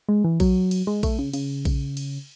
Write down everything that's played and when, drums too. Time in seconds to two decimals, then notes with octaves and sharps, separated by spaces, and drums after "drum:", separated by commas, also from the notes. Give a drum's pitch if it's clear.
0.09 G#3
0.24 E3
0.40 F#3, drum: kick A#1, cymbal
0.71 drum: cymbal
0.87 G#3
1.03 A3, drum: kick A#1, cymbal
1.19 C#3
1.33 C#3, drum: cymbal
1.65 drum: kick A#1, cymbal
1.97 drum: cymbal